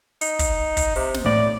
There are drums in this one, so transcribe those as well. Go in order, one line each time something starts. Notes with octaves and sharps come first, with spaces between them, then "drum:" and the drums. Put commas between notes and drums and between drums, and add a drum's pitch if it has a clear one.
D#4, drum: hi-hat
drum: kick, hi-hat
drum: kick, hi-hat
C3, drum: open hi-hat
drum: snare
A2 D5